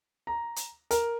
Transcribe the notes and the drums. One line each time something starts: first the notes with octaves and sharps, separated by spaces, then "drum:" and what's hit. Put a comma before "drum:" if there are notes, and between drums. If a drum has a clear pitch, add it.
A#5
drum: hi-hat
A#4, drum: hi-hat